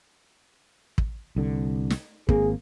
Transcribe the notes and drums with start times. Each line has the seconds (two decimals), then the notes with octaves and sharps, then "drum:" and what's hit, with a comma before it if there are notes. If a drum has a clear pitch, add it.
0.98 drum: kick
1.36 C2 D3
1.90 drum: snare
2.29 G#1 A#3 C4 G#4, drum: kick